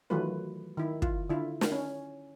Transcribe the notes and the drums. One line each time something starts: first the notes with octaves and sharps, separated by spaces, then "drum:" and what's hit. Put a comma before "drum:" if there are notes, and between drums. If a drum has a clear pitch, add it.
D#3 E3 F#3 A3 F4 B4
D#3 E4
F4, drum: kick
D3 E4 F4
drum: snare
C#4